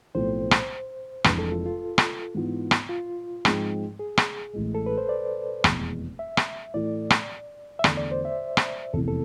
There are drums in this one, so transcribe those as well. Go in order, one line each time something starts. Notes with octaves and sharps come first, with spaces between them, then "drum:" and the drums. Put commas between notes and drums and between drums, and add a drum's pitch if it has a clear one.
B1 A2 F3 A3 C4 C5
drum: rim click
F1 F2 E3 G#3 D4 B4, drum: rim click
A4
F4
F4
drum: rim click
G#2 E3 B3 F4
drum: rim click
F4
G#2 F3 G#3 C4, drum: rim click
G#4
drum: rim click
A1 A2 G#3
A4
B4
C5
D5
F1 E2 B2 G#3, drum: rim click
E5
drum: rim click
A2 E3 A3 D5
drum: rim click
E5
E2 D3 A3 D5, drum: rim click
D5
C5
E5
drum: rim click
F1 E2 C3 E3 A4
A4